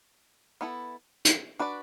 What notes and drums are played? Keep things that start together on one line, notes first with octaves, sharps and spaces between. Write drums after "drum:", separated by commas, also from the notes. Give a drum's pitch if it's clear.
B3 E4 A4
drum: hi-hat
D4 F#4 B4 D5